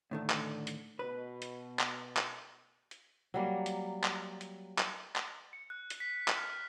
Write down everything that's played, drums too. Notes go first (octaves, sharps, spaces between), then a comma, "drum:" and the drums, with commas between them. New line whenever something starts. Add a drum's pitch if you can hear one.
A2 D3 D#3 A3
drum: clap
drum: hi-hat
B2 B4
drum: hi-hat
drum: clap
drum: clap
drum: hi-hat
F#3 G3 A#3
drum: hi-hat
drum: clap
drum: hi-hat
drum: clap
drum: clap
C#7
F#6
drum: hi-hat
B6
drum: clap
F6